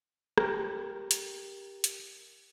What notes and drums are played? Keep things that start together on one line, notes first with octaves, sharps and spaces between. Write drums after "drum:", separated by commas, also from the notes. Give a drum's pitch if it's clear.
G4 A#4, drum: rim click
drum: hi-hat
drum: hi-hat